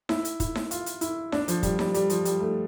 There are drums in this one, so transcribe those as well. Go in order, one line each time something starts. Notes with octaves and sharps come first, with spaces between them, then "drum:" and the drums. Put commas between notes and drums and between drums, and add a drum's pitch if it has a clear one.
E4, drum: snare D#4
drum: hi-hat
E4, drum: kick, hi-hat
drum: snare D#4
F4, drum: hi-hat
drum: hi-hat
E4, drum: hi-hat
D4, drum: snare D#4
F3, drum: hi-hat
G3, drum: kick, hi-hat
G3, drum: snare D#4
G3, drum: hi-hat
F3, drum: hi-hat
G3, drum: hi-hat
A3